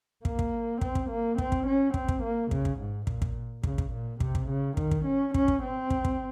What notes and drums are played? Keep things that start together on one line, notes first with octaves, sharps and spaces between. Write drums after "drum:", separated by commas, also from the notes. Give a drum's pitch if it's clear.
A#3, drum: kick
drum: kick
C4, drum: kick
drum: kick
A#3
C4, drum: kick
drum: kick
C#4
C4, drum: kick
drum: kick
A#3
C#3, drum: kick
drum: kick
G#2
A#2, drum: kick
drum: kick
C#3, drum: kick
drum: kick
A#2
C3, drum: kick
drum: kick
C#3
D#3, drum: kick
drum: kick
C#4
C#4, drum: kick
drum: kick
C4
drum: kick
drum: kick